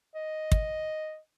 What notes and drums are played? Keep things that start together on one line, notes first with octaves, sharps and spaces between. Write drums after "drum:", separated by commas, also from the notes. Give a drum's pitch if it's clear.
D#5
drum: kick